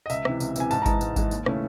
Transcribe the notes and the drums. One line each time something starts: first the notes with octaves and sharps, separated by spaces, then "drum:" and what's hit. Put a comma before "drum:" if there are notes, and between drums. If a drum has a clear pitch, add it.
D#5
C#2 E5, drum: tambourine
C3 E3, drum: rim click
C#2, drum: tambourine
C3 E3 G#5, drum: tambourine
G#2 A5, drum: tambourine
A#5
E3 G#3 A5, drum: kick G#1, tambourine
G#2, drum: tambourine
E3 G#3, drum: kick G#1, tambourine
D#2, drum: tambourine
C#3 E3 A3 C#4, drum: rim click